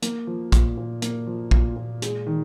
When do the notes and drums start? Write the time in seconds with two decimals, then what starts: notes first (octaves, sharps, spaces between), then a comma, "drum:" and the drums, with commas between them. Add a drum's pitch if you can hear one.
0.02 A#3, drum: hi-hat
0.27 F3
0.52 A#2, drum: kick, hi-hat
0.77 A#2
1.02 A#3, drum: hi-hat
1.27 F3
1.51 A#2, drum: kick
1.76 A#2
2.02 G#3, drum: hi-hat
2.26 D#3